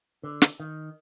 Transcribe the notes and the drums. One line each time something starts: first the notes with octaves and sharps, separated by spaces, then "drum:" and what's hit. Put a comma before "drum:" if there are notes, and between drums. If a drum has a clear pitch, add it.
D3
drum: snare
D#3